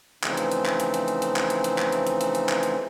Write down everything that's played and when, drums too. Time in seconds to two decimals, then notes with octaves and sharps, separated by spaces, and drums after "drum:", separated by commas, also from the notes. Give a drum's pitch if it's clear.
0.23 C#3 E3 F3 A3 C4 D#4, drum: clap
0.37 drum: hi-hat
0.52 drum: hi-hat
0.66 drum: clap
0.80 drum: hi-hat
0.94 drum: hi-hat
1.08 drum: hi-hat
1.22 drum: hi-hat
1.36 drum: clap
1.50 drum: hi-hat
1.64 drum: hi-hat
1.78 drum: clap
1.92 drum: hi-hat
2.07 drum: hi-hat
2.21 drum: hi-hat
2.35 drum: hi-hat
2.49 drum: clap
2.63 drum: hi-hat